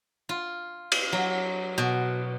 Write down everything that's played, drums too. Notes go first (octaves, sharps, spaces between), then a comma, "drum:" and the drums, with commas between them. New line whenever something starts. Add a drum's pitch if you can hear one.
F4
drum: cymbal
F#3
B2